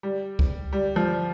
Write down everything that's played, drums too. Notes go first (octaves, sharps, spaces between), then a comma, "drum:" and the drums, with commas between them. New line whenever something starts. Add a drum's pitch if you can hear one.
G3
drum: kick C#2
G3
F3